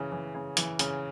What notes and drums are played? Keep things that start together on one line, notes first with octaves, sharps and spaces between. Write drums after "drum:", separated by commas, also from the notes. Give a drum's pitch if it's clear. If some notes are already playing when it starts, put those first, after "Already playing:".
Already playing: C#3 E3
E3
C#3
E3, drum: hi-hat
C#3, drum: hi-hat